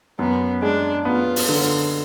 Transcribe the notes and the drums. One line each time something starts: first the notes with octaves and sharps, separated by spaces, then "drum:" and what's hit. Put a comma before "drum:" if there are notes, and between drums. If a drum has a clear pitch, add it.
F#2 B3
G#3 D4
B3 F4
drum: open hi-hat
D3